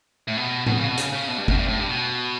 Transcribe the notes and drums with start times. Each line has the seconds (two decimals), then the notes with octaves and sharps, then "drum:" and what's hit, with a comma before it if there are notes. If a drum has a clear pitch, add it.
0.28 A2
0.37 B2
0.66 B2, drum: tom A2
0.78 C#3
0.87 B2
0.98 C#3, drum: hi-hat
1.12 C#3
1.28 B2
1.38 G2
1.48 F#2, drum: kick
1.57 G2
1.68 A2
1.79 G2
1.89 B2